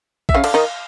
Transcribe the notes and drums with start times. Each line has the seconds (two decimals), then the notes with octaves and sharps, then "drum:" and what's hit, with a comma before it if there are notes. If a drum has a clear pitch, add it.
0.29 E5, drum: kick A#1
0.34 C#3 C#4 F5
0.44 D3 D4, drum: cymbal
0.54 D#3 D#4